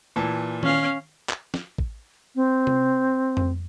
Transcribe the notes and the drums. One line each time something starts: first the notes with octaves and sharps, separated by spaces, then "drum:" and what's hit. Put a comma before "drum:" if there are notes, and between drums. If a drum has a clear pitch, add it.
A#2 E3 A5
C#4 F5, drum: tom D#3
drum: clap
drum: snare
drum: kick
C4
drum: tom C3
drum: tom F2